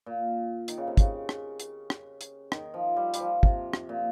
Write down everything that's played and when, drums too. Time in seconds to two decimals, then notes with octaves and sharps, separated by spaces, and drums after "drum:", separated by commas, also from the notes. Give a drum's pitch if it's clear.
0.06 A#2
0.68 D#3, drum: hi-hat
0.78 C#3
0.87 C3
0.97 C#3, drum: kick, hi-hat
1.29 drum: rim click
1.60 drum: hi-hat
1.90 drum: rim click
2.21 drum: hi-hat
2.52 D#3, drum: rim click
2.74 F3
2.97 G3
3.14 G3, drum: hi-hat
3.20 F3
3.43 C3, drum: kick
3.73 drum: rim click
3.89 A#2